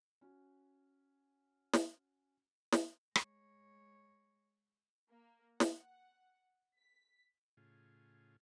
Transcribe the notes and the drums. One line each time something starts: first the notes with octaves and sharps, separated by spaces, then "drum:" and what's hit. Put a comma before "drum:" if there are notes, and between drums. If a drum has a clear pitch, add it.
C#4 F#4
drum: snare
drum: snare
G#3 C#5, drum: rim click
A#3
F#5, drum: snare
B6
A2 C#3 F4 G#4